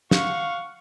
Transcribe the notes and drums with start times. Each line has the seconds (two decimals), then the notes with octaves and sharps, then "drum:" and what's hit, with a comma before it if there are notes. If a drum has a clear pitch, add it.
0.11 F5 F#5 C#6, drum: snare